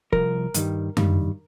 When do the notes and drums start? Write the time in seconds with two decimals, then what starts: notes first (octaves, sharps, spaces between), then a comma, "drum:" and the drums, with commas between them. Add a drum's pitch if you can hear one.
0.12 C2 A#2 F3 A#4, drum: kick F1
0.54 G2 D#3 G3, drum: hi-hat
0.97 G2 D#3 G3, drum: tom F#2